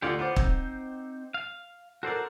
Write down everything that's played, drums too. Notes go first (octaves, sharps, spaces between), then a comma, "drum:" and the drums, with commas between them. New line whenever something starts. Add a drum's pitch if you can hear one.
D2 F4 G4 C#5 D5
B3 F4 C5 F#5 D6
C4 D#4, drum: kick
F5
F#4 A4 A#4 C5 D5